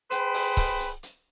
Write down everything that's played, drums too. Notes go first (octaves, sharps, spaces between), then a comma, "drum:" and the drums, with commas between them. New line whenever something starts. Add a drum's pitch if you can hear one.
G#4 B4 C5 G5 B5, drum: hi-hat
drum: open hi-hat
drum: kick C#1, open hi-hat
drum: hi-hat
drum: hi-hat